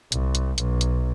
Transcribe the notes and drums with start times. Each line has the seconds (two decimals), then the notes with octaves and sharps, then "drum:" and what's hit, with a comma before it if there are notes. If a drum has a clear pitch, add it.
0.12 C2, drum: hi-hat
0.35 drum: hi-hat
0.58 B1, drum: hi-hat
0.81 drum: hi-hat